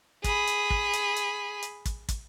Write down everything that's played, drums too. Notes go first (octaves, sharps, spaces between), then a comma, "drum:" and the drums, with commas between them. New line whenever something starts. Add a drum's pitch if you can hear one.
G#4 B5, drum: kick, hi-hat
drum: hi-hat
drum: kick
drum: hi-hat
drum: hi-hat
drum: hi-hat
drum: kick, hi-hat
drum: kick, hi-hat